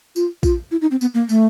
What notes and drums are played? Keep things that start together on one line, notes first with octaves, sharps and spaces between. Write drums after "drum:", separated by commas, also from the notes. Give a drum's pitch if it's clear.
F4, drum: tambourine
F4, drum: kick A#1, tambourine
E4
D#4
C4
B3, drum: tambourine
A#3
A3, drum: tambourine